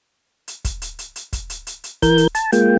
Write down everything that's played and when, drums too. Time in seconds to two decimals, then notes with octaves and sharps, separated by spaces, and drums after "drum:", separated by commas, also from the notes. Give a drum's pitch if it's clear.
0.48 drum: hi-hat
0.65 drum: kick, hi-hat
0.82 drum: hi-hat
0.99 drum: hi-hat
1.16 drum: hi-hat
1.33 drum: kick, hi-hat
1.50 drum: hi-hat
1.67 drum: hi-hat
1.84 drum: hi-hat
2.02 E3 A#4 G6, drum: kick, hi-hat
2.18 drum: hi-hat
2.35 A5, drum: hi-hat
2.52 G#3 A#3 F4 G5, drum: hi-hat